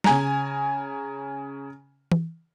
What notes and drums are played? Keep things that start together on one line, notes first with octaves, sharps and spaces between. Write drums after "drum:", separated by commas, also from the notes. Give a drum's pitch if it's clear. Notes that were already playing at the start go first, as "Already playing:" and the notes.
C#3 G#5 A#5, drum: snare
drum: tom E3